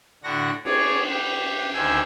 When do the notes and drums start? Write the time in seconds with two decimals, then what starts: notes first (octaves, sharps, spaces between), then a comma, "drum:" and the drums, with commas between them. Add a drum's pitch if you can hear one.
0.23 A2 D3 D4 F#4 F#5 A#6
0.65 G#4 C#5 D5, drum: cymbal
1.09 G4
1.74 D2 D#3 D4 C5 G#5 E6